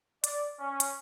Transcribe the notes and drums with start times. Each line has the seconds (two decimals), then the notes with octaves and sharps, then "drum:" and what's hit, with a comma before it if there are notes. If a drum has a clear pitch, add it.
0.24 D5, drum: hi-hat
0.60 C#4
0.80 drum: hi-hat